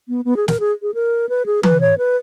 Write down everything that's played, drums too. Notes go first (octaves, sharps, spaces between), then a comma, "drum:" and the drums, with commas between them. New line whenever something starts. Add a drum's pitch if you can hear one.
B3
B3
G#4
A#4, drum: snare
G#4
G#4
A#4
B4
G#4
B4, drum: tom E3
C#5
B4